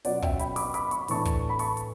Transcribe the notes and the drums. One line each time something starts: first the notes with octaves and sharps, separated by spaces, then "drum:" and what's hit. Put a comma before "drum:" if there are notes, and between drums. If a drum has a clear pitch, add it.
B2 F#3 C#4 D5 F#5, drum: open hi-hat
E5 G5, drum: kick
G5 B5, drum: hi-hat
B5 D6, drum: open hi-hat
B5 D6, drum: hi-hat
C#6, drum: hi-hat
B5
A2 E3 A3 D4 A5 C#6, drum: open hi-hat
drum: kick, hi-hat
B5
A5 C#6, drum: open hi-hat
drum: hi-hat